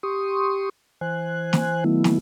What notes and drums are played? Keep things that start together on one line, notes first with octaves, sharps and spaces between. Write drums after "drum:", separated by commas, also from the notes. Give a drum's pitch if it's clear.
G4 C6 C#6 D#6
E3 C5 G#5 F#6
drum: snare
D#3 F#3 A3 B3 E4
drum: snare